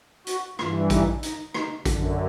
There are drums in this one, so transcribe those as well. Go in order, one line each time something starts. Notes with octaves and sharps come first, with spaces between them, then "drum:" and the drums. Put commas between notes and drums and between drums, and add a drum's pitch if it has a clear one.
F#4, drum: hi-hat
G2 E3 F4, drum: rim click
D#4, drum: kick A1, hi-hat
D#4, drum: hi-hat
D#4, drum: rim click
F#2 D3 D4, drum: kick A1, hi-hat